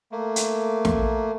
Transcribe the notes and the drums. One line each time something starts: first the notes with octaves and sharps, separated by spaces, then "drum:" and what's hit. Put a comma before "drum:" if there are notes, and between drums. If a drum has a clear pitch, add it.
A3 A#3
drum: hi-hat
drum: snare